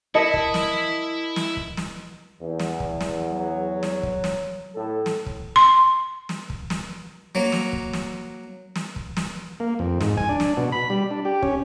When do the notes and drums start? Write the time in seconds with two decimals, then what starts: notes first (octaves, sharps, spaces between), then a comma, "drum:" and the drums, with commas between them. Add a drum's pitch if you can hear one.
0.15 E4 A#4 D#5 E5 A5 C#7
0.34 drum: kick
0.54 drum: snare
1.36 drum: snare
1.57 drum: kick
1.77 drum: snare
2.41 E2
2.60 drum: snare
2.80 drum: kick
3.01 drum: snare
3.31 F#3
3.83 drum: snare
4.03 drum: kick
4.24 drum: snare
4.75 A2 A4
5.06 drum: snare
5.26 drum: kick
5.56 C6
6.29 drum: snare
6.50 drum: kick
6.70 drum: snare
7.35 F#3 A#3
7.52 drum: snare
7.73 drum: kick
7.93 drum: snare
8.76 drum: snare
8.96 drum: kick
9.17 drum: snare
9.60 A#3
9.79 F2
10.01 G#2, drum: snare
10.17 G#5, drum: kick
10.29 D4
10.40 drum: snare
10.57 B2
10.72 B5
10.90 G3
11.11 D4
11.25 G4
11.43 C#4, drum: kick